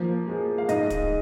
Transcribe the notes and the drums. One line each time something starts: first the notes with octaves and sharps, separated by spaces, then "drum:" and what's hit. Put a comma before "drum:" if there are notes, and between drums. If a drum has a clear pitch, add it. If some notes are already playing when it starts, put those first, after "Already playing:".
Already playing: F3 A#3
G#3
F5
G#2 D#5, drum: hi-hat
drum: kick, hi-hat